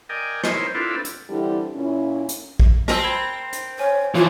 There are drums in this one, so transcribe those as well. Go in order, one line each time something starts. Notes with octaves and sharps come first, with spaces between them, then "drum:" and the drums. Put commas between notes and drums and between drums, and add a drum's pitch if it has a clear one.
A#4 D5 D#5 G5 G#5
C4 D#4 E4 A#4 C5 C#5, drum: rim click
C4 D4 E4 F4 A4 B4
drum: hi-hat
D3 E3 G3 C4 E4
A#2 C#4 E4
drum: hi-hat
drum: kick
C4 A#4 A5 E6, drum: rim click
B5 G#6
drum: hi-hat
C5 C#5 G#5
E3 F3 F4 C#5